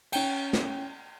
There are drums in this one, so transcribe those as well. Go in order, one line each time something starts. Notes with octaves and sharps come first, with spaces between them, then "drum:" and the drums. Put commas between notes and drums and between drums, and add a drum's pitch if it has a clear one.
C#4 G5, drum: cymbal
drum: snare